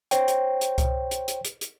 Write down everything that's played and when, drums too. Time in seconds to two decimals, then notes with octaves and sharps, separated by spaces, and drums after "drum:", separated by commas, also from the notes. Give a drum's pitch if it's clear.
0.11 C5 C#5 G5, drum: hi-hat
0.28 drum: hi-hat
0.61 drum: hi-hat
0.78 drum: kick C2, hi-hat
1.11 drum: hi-hat
1.28 drum: hi-hat
1.45 drum: hi-hat
1.61 drum: hi-hat